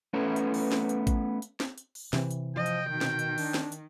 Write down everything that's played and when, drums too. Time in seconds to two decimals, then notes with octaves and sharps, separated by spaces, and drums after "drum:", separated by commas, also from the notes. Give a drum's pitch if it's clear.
0.13 A3 B3 C#4 A4 B4 C#5
0.36 drum: hi-hat
0.54 drum: open hi-hat
0.72 drum: snare
0.89 drum: hi-hat
1.07 drum: kick A1, hi-hat
1.42 drum: hi-hat
1.60 drum: snare
1.78 drum: hi-hat
1.95 drum: open hi-hat
2.13 C3 E3, drum: snare
2.31 drum: hi-hat
2.56 F3 D#5 G5
2.66 drum: hi-hat
2.90 B2 D#3
3.01 drum: snare
3.19 drum: hi-hat
3.38 D4, drum: open hi-hat
3.54 drum: snare
3.72 drum: hi-hat